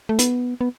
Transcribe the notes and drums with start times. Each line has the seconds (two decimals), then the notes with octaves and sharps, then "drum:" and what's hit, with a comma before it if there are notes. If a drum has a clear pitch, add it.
0.09 A3
0.19 B3, drum: hi-hat
0.61 B3